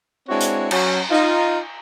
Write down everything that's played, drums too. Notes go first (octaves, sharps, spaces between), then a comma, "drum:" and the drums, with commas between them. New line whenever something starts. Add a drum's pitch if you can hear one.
G#3 C4 D4 E4 F#4 C#5
drum: hi-hat
F#3 C#4, drum: cymbal
D#4 F4